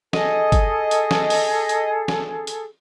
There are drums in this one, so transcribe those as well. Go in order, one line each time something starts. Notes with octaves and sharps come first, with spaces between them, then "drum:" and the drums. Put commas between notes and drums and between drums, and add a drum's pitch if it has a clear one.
G#4 A4 D#5, drum: snare
drum: kick, hi-hat
drum: hi-hat
drum: snare
drum: open hi-hat
drum: hi-hat
drum: snare
drum: hi-hat